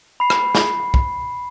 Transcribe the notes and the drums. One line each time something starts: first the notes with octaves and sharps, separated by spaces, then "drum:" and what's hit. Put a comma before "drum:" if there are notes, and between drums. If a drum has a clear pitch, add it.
B5 C7
drum: rim click
drum: snare
drum: kick